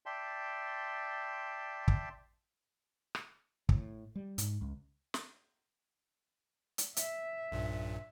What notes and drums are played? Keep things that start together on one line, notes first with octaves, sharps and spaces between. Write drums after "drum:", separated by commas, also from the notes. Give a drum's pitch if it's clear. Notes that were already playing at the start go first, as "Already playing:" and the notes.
D5 E5 G5 A5 C6
drum: kick
drum: rim click
A2, drum: kick
G3
G#2, drum: hi-hat
C#2
drum: snare
drum: hi-hat
E5, drum: hi-hat
B1 G2 A#2